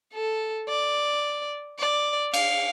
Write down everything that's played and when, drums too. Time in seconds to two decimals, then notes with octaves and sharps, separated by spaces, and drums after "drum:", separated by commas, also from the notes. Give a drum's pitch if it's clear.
0.14 A4
0.69 D5
1.79 D5
2.34 F5, drum: cymbal